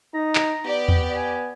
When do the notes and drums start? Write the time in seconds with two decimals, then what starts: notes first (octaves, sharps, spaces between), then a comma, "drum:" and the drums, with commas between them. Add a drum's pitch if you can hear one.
0.14 D#4 A#5
0.35 drum: clap
0.66 B3 G4 D5
0.88 drum: tom E2
1.15 G#5